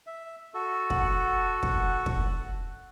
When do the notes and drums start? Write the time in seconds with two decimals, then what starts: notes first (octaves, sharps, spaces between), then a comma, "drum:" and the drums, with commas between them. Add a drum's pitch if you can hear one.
0.07 E5
0.54 F#4 A4
0.90 F#5, drum: kick
1.63 drum: kick
2.06 drum: kick